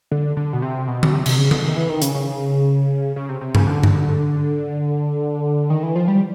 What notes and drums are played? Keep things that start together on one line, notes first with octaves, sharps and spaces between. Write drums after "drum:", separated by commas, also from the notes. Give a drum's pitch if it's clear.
D3
D3
B2
C3
B2
drum: tom D3
C3
C3, drum: cymbal
C#3
D3, drum: tom D3
D#3
E3
D#3
C#3, drum: hi-hat
C#3
C#3
C3
C3
C#3, drum: tom G2
D3
drum: tom G2
D#3
E3
F3
G3